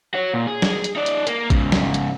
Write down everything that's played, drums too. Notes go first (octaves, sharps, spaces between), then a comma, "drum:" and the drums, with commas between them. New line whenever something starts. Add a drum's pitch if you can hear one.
F#4 C#5
A#2
G#4
drum: snare
drum: hi-hat
D#4 D5
drum: hi-hat
A#3, drum: hi-hat
G#2 C#3, drum: kick, hi-hat
drum: snare
drum: hi-hat